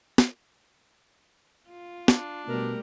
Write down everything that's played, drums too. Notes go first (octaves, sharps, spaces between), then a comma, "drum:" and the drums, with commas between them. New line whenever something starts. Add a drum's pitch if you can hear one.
drum: snare
F4
D4, drum: snare
B2 G3 A3 A#4